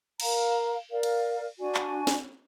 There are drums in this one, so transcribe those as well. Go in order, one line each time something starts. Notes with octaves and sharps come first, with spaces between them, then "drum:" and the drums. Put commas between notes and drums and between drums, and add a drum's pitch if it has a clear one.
A#4 F5 A#5, drum: cymbal
A#4 D5 F5
drum: cymbal
D4 F#4 D5 G#5
drum: clap
drum: snare